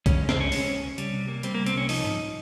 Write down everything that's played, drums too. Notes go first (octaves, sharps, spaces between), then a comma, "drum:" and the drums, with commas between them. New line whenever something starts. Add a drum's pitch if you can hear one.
C#3 C#4, drum: kick, hi-hat
G#3
C4, drum: snare
C#2 C#4
G#3, drum: open hi-hat
C#2
C#2
G3, drum: hi-hat
C3
A#3
G3 C4, drum: hi-hat
A#3
C2
C4, drum: hi-hat
C2 C#4
F3 D#4, drum: open hi-hat
G#2